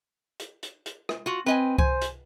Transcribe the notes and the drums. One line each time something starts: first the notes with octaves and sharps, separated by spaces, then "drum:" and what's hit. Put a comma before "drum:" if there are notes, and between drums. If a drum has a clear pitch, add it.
drum: hi-hat
drum: hi-hat
drum: hi-hat
drum: rim click
F4 F#4
C4 B4 D#5 G#5
C5 G#5, drum: kick C2
drum: hi-hat